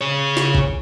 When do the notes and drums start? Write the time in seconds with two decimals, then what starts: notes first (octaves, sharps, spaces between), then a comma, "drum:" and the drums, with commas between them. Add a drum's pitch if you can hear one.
0.01 G#4 C#5
0.37 drum: snare
0.55 drum: kick A1